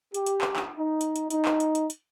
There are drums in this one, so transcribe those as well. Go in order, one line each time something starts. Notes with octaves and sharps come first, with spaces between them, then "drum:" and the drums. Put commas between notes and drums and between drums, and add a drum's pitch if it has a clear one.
G4, drum: hi-hat
drum: hi-hat
drum: clap
drum: clap
D#4
drum: hi-hat
drum: hi-hat
D#4, drum: hi-hat
drum: clap
drum: hi-hat
drum: hi-hat
drum: hi-hat